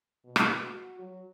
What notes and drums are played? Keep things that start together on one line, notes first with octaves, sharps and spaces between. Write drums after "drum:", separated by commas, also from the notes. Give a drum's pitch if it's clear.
B2
drum: rim click
F#4
F#3